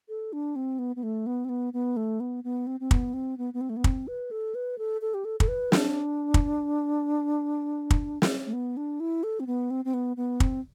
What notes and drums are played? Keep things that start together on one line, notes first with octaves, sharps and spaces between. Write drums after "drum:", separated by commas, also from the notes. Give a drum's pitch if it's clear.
A4
D4
C4
B3
B3
A3
B3
C4
B3
B3
A3
B3
B3
C4
C4
B3, drum: kick
C4
B3
B3
C4
A3
B3
C4, drum: kick
B4
A4
B4
A4
A4
G4
A4
A4, drum: kick
B4
D4, drum: snare
drum: kick
drum: kick
drum: snare
A3
B3
D4
E4
A4
C4
B3
C4
C4
B3
B3
C4, drum: kick